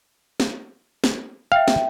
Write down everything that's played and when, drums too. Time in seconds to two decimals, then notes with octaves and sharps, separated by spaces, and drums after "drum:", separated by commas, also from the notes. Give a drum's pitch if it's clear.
0.40 drum: snare
1.04 drum: snare
1.52 E5 F5 G5
1.68 drum: snare